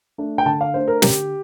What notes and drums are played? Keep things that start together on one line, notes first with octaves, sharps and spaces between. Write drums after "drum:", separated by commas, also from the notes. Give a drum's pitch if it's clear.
A3 D4
G5
D3 A5
F5
A3 D4 C5
A#4
D3 G4, drum: snare